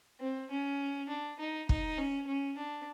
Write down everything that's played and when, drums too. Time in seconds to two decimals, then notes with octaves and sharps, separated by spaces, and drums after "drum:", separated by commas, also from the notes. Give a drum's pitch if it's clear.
0.21 C4
0.51 C#4
1.09 D4
1.39 D#4
1.69 D#4, drum: kick
1.98 C#4
2.27 C#4
2.58 D4